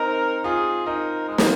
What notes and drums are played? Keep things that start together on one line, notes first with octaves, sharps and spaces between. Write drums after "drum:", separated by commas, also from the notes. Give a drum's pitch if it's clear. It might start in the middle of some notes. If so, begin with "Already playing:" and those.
Already playing: C4 D#4 A#4
F4 G#4
D#4 A#4
G#3
A#3, drum: snare